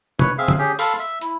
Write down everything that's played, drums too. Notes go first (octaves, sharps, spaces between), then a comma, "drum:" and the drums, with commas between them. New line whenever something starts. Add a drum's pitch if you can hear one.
B4 C#5, drum: tom
C4 G#4 E5 F5
drum: tom
C#4 G4 G#4
A4 F5 B5 C6, drum: open hi-hat
E5
E4, drum: hi-hat